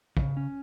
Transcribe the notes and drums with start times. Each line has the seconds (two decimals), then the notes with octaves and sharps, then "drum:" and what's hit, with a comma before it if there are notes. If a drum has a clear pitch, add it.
0.17 C#3, drum: kick
0.37 C#4